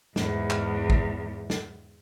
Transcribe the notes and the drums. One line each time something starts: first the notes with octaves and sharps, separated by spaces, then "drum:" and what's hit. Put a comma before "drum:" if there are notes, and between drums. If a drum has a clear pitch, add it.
E2 G#2, drum: snare
drum: clap
drum: kick
drum: snare